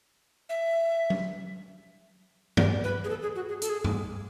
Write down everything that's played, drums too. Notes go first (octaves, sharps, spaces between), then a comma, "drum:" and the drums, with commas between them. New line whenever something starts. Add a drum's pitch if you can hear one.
E5
drum: tom F#3
D5, drum: tom G2
B4
G#4
A4
G#4
F#4
G#4
A4, drum: hi-hat
G#4
drum: tom G2